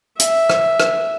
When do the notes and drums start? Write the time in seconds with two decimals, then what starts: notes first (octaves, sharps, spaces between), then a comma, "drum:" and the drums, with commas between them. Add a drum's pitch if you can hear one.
0.19 E5, drum: hi-hat
0.50 drum: rim click
0.80 drum: rim click